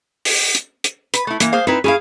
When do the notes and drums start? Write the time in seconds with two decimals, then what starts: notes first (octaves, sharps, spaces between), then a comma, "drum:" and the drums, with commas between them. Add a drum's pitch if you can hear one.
0.25 drum: open hi-hat
0.55 drum: hi-hat
0.84 drum: hi-hat
1.14 B4, drum: hi-hat
1.27 A3 E4
1.40 E3 A#3, drum: hi-hat
1.53 G#4 C5 F5
1.67 C4 D#4 E4 B4
1.84 C#4 E4 G#4 F5